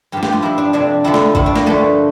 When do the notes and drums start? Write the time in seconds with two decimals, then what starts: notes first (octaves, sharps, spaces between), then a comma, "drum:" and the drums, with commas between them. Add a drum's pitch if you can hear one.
0.12 G2 F3 G4
0.23 G4, drum: snare
0.32 F4
0.42 G2 F3 E4
0.58 D4
0.73 F2 C3 F3 D4
1.04 F2 D3 F3 E4
1.14 drum: snare
1.35 A2 F3 E4, drum: kick A1
1.46 D4
1.56 A#3, drum: snare
1.66 G2 D3 F3 A3